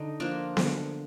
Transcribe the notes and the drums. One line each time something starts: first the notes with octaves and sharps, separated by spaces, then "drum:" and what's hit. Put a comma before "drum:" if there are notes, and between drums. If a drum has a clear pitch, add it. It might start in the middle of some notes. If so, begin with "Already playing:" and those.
Already playing: D3 D#4
F3 A#3 D4
D3, drum: snare B3